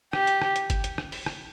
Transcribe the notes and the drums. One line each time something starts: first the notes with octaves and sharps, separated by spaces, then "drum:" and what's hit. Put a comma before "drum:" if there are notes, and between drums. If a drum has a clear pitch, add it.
G4, drum: rim click
drum: hi-hat
drum: rim click
drum: hi-hat
drum: kick G1, hi-hat
drum: hi-hat
drum: rim click
drum: open hi-hat
drum: rim click